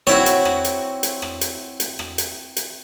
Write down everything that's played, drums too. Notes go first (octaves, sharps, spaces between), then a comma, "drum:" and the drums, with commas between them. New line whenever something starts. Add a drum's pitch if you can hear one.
C4 E4 F#4 C#5
drum: hi-hat
drum: rim click
drum: hi-hat
drum: hi-hat
drum: rim click
drum: hi-hat
drum: hi-hat
drum: rim click
drum: hi-hat
drum: hi-hat